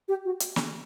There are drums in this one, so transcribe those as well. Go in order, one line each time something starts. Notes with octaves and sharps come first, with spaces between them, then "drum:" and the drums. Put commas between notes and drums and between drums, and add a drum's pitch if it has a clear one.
G4
F#4
drum: hi-hat
drum: snare